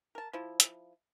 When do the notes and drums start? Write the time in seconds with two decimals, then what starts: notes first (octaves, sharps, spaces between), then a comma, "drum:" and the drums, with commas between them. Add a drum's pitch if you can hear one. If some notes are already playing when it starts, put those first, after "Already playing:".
0.15 A#4 A5
0.33 F3 E4
0.60 drum: hi-hat